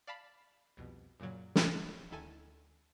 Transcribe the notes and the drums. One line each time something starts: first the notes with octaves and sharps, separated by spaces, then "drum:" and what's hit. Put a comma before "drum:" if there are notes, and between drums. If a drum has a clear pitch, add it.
D5 F5 A5 B5
C2 F2 B2
F#2 A#2 C#3 F#3
drum: snare
D2 D#3 E4 A4 G#5 E7